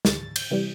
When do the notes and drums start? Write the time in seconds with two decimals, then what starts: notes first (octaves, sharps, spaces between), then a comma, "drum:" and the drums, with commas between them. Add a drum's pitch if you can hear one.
0.05 D2 A6, drum: snare
0.36 G6, drum: cymbal
0.51 C3 E3 G3